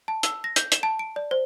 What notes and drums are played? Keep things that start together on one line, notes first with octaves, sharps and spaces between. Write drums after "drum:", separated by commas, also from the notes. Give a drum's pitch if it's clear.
A5
E6, drum: hi-hat
A#6
G6, drum: hi-hat
E7, drum: hi-hat
A5
D7
D5
C5